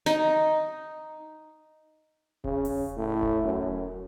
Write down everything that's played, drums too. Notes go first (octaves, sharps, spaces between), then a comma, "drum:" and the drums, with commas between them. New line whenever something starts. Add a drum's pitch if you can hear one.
D#4, drum: snare
C#3, drum: kick E1
drum: open hi-hat
A2
drum: kick E1
F#2